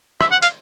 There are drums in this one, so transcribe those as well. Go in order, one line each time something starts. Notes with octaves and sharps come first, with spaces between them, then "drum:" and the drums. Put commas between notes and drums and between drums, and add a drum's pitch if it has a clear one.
E5, drum: rim click
F#5
F5, drum: hi-hat